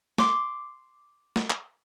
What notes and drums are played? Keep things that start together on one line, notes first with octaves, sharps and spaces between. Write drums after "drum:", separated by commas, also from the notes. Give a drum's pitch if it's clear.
C6 D6, drum: snare
drum: snare
drum: clap